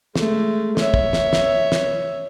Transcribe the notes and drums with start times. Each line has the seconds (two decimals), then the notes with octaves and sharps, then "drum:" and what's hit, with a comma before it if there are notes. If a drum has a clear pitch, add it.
0.16 G#3 A3, drum: snare
0.77 C#5 E5, drum: snare
0.94 drum: kick
1.13 drum: snare
1.33 drum: snare
1.72 drum: snare